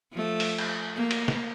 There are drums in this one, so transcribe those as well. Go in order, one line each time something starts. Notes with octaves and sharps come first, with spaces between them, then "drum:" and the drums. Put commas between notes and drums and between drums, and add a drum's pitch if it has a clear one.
F3 A3
drum: open hi-hat
drum: cymbal
A#3
drum: cymbal
drum: snare